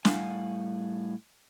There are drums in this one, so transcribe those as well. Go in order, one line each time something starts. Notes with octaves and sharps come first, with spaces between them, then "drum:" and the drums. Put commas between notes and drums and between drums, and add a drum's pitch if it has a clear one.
A2 G3 F5 F#5 G#5, drum: snare